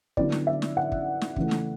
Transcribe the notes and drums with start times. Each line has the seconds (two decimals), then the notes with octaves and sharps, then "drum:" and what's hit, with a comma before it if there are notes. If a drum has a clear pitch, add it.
0.17 D3 F#3 B3 E4 D5, drum: kick
0.32 drum: snare
0.47 E5
0.62 drum: snare
0.77 F#5
0.92 drum: kick
1.21 drum: snare
1.36 C#3 E3 A3, drum: kick
1.51 drum: snare